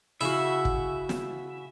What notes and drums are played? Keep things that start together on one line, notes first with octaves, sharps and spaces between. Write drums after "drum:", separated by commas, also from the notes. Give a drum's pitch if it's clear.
C#3 E4 F#4 E5
drum: kick
drum: snare